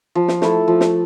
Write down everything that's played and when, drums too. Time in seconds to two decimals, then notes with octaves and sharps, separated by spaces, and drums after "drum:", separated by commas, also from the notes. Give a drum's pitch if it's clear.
0.15 F3
0.28 drum: snare
0.42 A3 E4 A4, drum: snare
0.68 F3
0.81 drum: snare